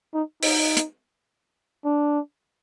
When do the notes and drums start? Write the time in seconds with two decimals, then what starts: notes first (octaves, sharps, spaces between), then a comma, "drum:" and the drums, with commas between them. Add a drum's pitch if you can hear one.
0.14 D#4
0.43 D#4, drum: open hi-hat
0.77 drum: hi-hat
1.85 D4